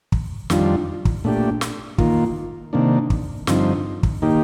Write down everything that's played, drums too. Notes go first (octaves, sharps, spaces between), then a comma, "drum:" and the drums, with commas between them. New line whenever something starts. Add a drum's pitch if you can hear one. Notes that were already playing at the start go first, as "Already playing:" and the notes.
drum: kick
F2 D#3 G3 D4 F4, drum: snare
drum: kick
A#2 A3 D4 G4
drum: snare
D#3 A#3 F4, drum: kick
C3 D#3 A#3 D4
drum: kick
G2 D3 F3 C4 D#4, drum: snare
drum: kick
D#3 A#3 D#4 G4